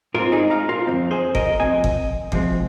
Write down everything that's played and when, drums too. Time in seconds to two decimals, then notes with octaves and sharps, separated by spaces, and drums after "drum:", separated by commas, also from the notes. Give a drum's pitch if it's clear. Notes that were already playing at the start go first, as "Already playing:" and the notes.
0.14 G#2 G#3 C4 F4 A#4
0.32 D#4 G#4
0.50 F5 A#5
0.69 F4 A#4
0.87 F2 D#3 C4
1.11 G#4 C5
1.35 A#4 D#5, drum: kick G1
1.60 F2 D#3 C4 D#5 G#5
1.84 drum: kick G1
2.32 C3 F3 G#3 C4, drum: kick G1